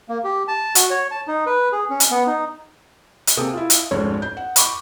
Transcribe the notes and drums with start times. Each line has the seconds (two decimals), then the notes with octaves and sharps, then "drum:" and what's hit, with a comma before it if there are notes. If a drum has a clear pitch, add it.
0.09 A#3
0.24 G4
0.48 A5
0.75 F#4, drum: hi-hat
0.90 C#5
1.11 A5
1.27 D#4
1.46 B4
1.72 G#4
1.89 C#4
2.00 drum: hi-hat
2.11 B3
2.27 D#4
3.27 drum: hi-hat
3.37 C3 A#3 G#4 A4 D#6
3.54 E4 F4
3.70 drum: hi-hat
3.91 F1 D2 G#2 C#4 C#5
4.22 G6
4.37 F#5
4.56 B5 C#6 D6, drum: hi-hat